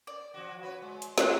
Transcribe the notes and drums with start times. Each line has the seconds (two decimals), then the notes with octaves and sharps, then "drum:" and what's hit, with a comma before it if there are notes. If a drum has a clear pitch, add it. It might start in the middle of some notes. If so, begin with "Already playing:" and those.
0.07 D5
0.34 F3 F#4
0.63 B4 C#5
0.82 G#3
1.02 drum: hi-hat
1.18 F#3 C4 C#4 A4 F#6, drum: snare